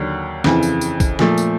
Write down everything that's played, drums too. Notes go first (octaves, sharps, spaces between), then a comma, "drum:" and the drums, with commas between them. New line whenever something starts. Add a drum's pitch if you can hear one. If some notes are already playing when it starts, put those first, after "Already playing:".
Already playing: D#2 D3 F#3
F2 C#3 E3, drum: snare
drum: tambourine
drum: tambourine
drum: kick, tambourine
A#2 F3 A3, drum: snare
drum: tambourine